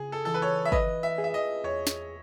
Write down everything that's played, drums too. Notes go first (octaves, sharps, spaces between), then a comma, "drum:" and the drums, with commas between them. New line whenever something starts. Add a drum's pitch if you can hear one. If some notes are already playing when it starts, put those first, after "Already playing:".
Already playing: C#3 G#4
A4
E3 A4
B4
C#5
E5
B4 D#5, drum: kick
E5
G#4
E5
D#5
E2 C#5
drum: snare